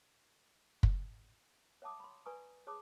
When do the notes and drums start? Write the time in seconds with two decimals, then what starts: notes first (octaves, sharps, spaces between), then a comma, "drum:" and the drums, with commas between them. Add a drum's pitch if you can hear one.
0.83 drum: kick
1.82 C#5 E5 F#5 A5 D6 D#6
2.00 B5 C6
2.26 B4 D5 G#5 A#5 C#6 D#6
2.67 G#4 C#5 A5 C6 D6 D#6